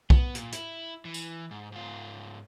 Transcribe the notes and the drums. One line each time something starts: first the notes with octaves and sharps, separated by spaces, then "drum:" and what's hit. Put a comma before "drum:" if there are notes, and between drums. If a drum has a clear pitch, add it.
B3, drum: kick B1
A#2, drum: hi-hat
E4, drum: hi-hat
E3
drum: tambourine
G#2
G#2 F4